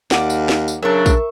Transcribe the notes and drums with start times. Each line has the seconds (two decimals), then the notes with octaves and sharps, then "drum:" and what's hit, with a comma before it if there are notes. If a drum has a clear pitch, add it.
0.11 D#2 D5 F#5 D6, drum: snare
0.30 drum: tambourine
0.49 drum: snare
0.68 drum: tambourine
0.83 C#3 F#3 D4 A#4 E5 C#6
1.06 drum: kick, tambourine